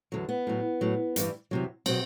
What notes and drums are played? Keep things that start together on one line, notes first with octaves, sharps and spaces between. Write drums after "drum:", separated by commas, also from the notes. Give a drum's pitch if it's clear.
E2 D3 F#3
B3
A2 F#3
A2 F#3
G2 E3 G3, drum: hi-hat
E2 C3 F#3
B2 F#3 C4, drum: cymbal